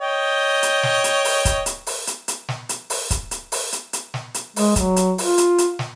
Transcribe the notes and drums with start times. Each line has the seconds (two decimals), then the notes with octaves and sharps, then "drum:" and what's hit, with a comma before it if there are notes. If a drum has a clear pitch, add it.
0.01 C#5 D#5 G5
0.63 drum: hi-hat
0.83 drum: snare
1.04 drum: hi-hat
1.25 drum: open hi-hat
1.45 drum: kick, hi-hat
1.66 drum: hi-hat
1.87 drum: open hi-hat
2.07 drum: hi-hat
2.28 drum: hi-hat
2.49 drum: snare
2.69 drum: hi-hat
2.90 drum: open hi-hat
3.10 drum: kick, hi-hat
3.31 drum: hi-hat
3.52 drum: open hi-hat
3.72 drum: hi-hat
3.93 drum: hi-hat
4.14 drum: snare
4.34 drum: hi-hat
4.56 G#3, drum: open hi-hat
4.76 F#3, drum: kick, hi-hat
4.96 drum: hi-hat
5.18 F4, drum: open hi-hat
5.38 drum: hi-hat
5.58 drum: hi-hat
5.79 drum: snare